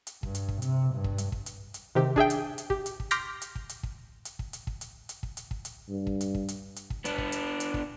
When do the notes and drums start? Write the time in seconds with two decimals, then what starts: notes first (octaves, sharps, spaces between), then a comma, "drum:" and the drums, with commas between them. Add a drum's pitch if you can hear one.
0.07 drum: hi-hat
0.23 G2, drum: kick
0.35 drum: hi-hat
0.49 drum: kick
0.62 C3, drum: hi-hat
0.94 G2
1.04 drum: kick
1.18 drum: hi-hat
1.32 drum: kick
1.46 drum: hi-hat
1.74 drum: hi-hat
1.95 C3 D#3 C4 G4
2.16 D4 G#4 E5 G5, drum: kick
2.30 drum: hi-hat
2.58 drum: hi-hat
2.70 G4, drum: kick
2.86 drum: hi-hat
3.00 drum: kick
3.11 C6 D6 F6 G6 A#6 B6, drum: hi-hat
3.42 drum: hi-hat
3.55 drum: kick
3.69 drum: hi-hat
3.83 drum: kick
4.25 drum: hi-hat
4.39 drum: kick
4.53 drum: hi-hat
4.67 drum: kick
4.81 drum: hi-hat
5.09 drum: hi-hat
5.23 drum: kick
5.37 drum: hi-hat
5.51 drum: kick
5.65 drum: hi-hat
5.89 G2
6.07 drum: kick
6.21 drum: hi-hat
6.35 drum: kick
6.48 drum: hi-hat
6.76 drum: hi-hat
6.90 drum: kick
7.05 B3 D4, drum: hi-hat
7.18 drum: kick
7.32 drum: hi-hat
7.60 drum: hi-hat
7.74 drum: kick